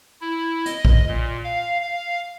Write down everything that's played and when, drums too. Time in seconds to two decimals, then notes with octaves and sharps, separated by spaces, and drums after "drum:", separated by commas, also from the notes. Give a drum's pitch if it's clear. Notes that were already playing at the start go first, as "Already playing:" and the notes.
0.21 E4
0.66 D#5, drum: hi-hat
0.85 drum: kick A#1
1.08 A#2
1.44 F5
1.82 F5